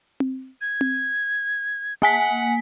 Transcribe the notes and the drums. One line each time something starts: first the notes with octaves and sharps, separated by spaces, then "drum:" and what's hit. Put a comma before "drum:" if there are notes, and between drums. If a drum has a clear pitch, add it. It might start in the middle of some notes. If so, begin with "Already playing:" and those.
drum: tom C4
G#6
drum: tom C4
A#3 F#5 G#5 B6